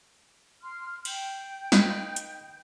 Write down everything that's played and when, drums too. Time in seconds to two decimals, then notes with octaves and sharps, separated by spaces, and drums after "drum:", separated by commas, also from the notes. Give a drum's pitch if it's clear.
0.61 C6 F6
1.05 G5 G6, drum: cymbal
1.72 D#4 B4 F5, drum: snare
2.16 drum: hi-hat